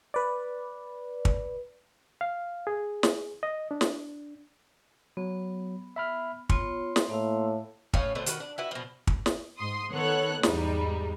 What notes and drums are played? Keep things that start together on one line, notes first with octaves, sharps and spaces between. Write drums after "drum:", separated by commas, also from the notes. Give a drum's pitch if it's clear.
B4 D5
drum: kick
F5
G#4
drum: snare
D#5
D4
drum: snare
F#3 B3
E5 B5 F6
B3 F4 C#5 C6, drum: kick
drum: snare
A2 A#3 F5 E6
A2 C#4 C#5 F5, drum: kick
B2 D3 A3 C5
D#3 F#4 B4, drum: hi-hat
D4
E4 F#4 B4
B2 F3
drum: kick
drum: snare
G#2 C6 D#6
D#3 B3 A4 C#5 F#5 F#6
E2 G#2 G3 G#3 D#4, drum: snare